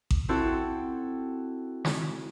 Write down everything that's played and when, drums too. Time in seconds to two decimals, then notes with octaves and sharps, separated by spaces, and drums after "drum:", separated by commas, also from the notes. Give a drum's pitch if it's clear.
0.11 drum: kick A1
0.29 C4 E4 F#4 A4
1.85 drum: snare